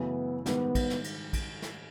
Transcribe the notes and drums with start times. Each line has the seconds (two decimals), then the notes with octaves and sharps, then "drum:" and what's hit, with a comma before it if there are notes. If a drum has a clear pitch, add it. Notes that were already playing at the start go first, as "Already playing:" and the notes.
Already playing: F#2 C#3 E3 A3 B3
0.46 G#2 D#3 G3 B3, drum: snare
0.75 drum: kick, cymbal
0.90 drum: snare
1.04 drum: cymbal
1.33 drum: kick, cymbal
1.62 drum: snare